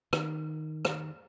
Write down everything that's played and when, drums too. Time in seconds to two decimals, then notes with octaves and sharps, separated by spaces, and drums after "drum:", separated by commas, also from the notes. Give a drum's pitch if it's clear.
0.13 D#3, drum: rim click
0.85 drum: rim click